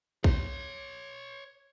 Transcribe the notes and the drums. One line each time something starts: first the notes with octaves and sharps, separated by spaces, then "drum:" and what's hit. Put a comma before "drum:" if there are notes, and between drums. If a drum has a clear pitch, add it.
C#5 C6, drum: kick